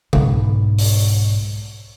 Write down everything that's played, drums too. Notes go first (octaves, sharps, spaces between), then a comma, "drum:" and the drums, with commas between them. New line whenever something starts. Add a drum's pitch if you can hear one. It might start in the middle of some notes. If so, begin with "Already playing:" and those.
B1 G#2, drum: tom C#3
drum: open hi-hat